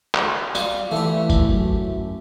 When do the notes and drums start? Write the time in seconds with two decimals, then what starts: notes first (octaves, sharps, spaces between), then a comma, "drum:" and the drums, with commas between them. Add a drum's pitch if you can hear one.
0.15 drum: clap
0.55 G3 F4 C#6, drum: tambourine
0.91 E3 A3 G4
1.30 drum: kick G1, tambourine
1.48 F#2